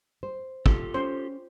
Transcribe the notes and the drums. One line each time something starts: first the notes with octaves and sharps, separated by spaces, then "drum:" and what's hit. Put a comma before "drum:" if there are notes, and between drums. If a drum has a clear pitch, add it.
C5
F4 G4 A4, drum: kick
C#4 C5